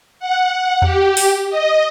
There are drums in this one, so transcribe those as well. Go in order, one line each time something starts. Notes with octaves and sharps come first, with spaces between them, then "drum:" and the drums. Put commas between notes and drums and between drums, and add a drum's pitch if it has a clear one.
F#5
G4, drum: tom E2
drum: open hi-hat
D#5